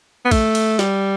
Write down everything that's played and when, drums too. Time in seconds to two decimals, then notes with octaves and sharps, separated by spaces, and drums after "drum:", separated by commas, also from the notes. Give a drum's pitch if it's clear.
0.25 B3
0.31 A3, drum: kick, cymbal
0.55 drum: cymbal
0.79 G3, drum: snare